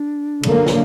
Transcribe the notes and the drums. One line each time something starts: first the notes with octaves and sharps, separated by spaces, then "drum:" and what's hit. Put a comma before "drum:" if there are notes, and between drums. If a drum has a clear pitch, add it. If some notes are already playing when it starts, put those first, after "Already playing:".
Already playing: D4
D3 F#3 A#3, drum: cymbal
drum: snare